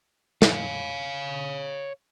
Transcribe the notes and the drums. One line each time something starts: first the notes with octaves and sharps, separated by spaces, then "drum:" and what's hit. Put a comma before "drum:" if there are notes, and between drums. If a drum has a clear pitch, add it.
C#5 F5, drum: snare